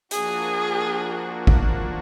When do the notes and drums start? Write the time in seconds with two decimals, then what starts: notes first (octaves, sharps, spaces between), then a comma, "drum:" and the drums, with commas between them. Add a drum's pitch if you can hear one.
0.11 F3 A#3 D4 F#4 G#4, drum: hi-hat
1.47 drum: kick